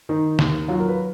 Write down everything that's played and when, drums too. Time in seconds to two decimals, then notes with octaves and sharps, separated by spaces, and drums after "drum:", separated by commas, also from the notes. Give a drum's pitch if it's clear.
0.09 D#3 D#4
0.39 D#2, drum: snare
0.68 F#3 F4
0.80 A#4
0.88 B4